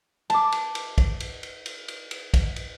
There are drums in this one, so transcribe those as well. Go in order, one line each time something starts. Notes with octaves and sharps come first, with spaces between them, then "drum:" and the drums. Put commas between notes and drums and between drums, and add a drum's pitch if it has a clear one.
A5 D6, drum: cymbal
drum: cymbal
drum: cymbal
drum: kick, cymbal
drum: cymbal
drum: cymbal
drum: cymbal
drum: cymbal
drum: cymbal
drum: kick, cymbal
drum: cymbal